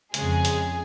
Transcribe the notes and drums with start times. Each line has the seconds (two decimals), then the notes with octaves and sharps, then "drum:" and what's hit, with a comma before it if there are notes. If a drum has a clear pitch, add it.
0.14 F2 C#3 G#3 G#4, drum: hi-hat
0.45 drum: hi-hat